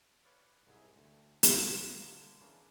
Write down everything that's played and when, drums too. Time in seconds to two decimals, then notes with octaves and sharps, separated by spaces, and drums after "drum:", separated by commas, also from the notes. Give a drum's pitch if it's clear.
0.25 B4 C#5 D5 F5
0.67 C2 G#2 G#4 E5
0.96 D2
1.43 D3 B3 F#4 G#4 B4, drum: hi-hat
2.02 D3 A#3
2.41 C#3 E3 A#3 D4